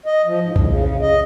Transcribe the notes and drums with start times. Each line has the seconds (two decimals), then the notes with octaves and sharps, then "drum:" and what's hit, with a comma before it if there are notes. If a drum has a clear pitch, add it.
0.06 D#5
0.26 F3
0.42 G#2
0.56 A2, drum: kick B1
0.68 C#3
0.86 C#3
1.01 D#5